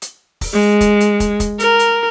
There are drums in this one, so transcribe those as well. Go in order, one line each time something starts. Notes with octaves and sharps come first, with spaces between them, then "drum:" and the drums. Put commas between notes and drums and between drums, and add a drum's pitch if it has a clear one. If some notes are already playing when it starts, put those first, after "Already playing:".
drum: hi-hat
drum: kick, open hi-hat
G#3
drum: kick, hi-hat
drum: hi-hat
drum: kick, hi-hat
drum: kick, hi-hat
A#4, drum: hi-hat
drum: hi-hat